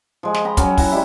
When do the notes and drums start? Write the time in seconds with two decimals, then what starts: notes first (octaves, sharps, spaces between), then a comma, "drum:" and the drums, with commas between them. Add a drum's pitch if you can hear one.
0.23 F3 G#3
0.34 drum: snare
0.45 G5 A#5 B5
0.57 F#3 C#4, drum: kick, hi-hat
0.78 E4 F#5 A#5, drum: kick, open hi-hat
0.91 G3 G#3 E4 E5